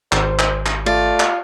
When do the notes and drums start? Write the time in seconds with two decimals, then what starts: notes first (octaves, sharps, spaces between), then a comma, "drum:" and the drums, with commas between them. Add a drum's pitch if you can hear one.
0.12 G#1 C5, drum: clap
0.39 drum: clap
0.66 drum: clap
0.86 A3 F4 D5
1.20 drum: clap